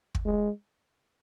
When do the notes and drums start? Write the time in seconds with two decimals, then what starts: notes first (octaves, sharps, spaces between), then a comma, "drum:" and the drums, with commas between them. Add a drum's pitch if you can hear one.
0.15 drum: kick
0.25 G#3